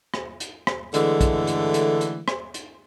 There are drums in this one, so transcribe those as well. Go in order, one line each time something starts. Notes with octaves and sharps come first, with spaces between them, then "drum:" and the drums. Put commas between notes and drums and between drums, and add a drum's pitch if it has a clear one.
drum: rim click
drum: hi-hat
drum: rim click
D3 E3 G#3 A3, drum: hi-hat
drum: kick, hi-hat
drum: hi-hat
drum: hi-hat
drum: hi-hat
drum: rim click
drum: hi-hat